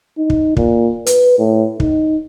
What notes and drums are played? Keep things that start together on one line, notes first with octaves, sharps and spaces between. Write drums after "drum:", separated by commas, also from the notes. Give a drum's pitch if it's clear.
D#4
drum: kick
A#2, drum: kick
B4, drum: hi-hat
A2
D#4, drum: kick